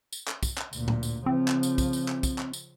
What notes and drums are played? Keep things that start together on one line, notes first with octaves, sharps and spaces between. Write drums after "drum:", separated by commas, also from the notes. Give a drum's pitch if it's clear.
drum: tambourine
drum: clap
drum: kick, tambourine
drum: clap
D2 A#2, drum: tambourine
drum: tom A2
drum: tambourine
C#3 F3 C4
drum: clap
drum: tambourine
drum: kick, tambourine
drum: tambourine
drum: clap
drum: kick, tambourine
drum: clap
drum: tambourine